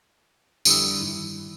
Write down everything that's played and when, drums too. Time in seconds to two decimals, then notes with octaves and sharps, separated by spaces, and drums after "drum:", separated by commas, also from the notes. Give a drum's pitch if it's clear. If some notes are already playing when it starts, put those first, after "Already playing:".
0.65 F2 D3 G3 E4 D#6 E6, drum: tambourine
1.00 G2 D#3 E4